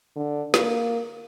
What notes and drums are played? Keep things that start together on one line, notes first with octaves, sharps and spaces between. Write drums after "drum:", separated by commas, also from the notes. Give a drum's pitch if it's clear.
D3
A#3, drum: snare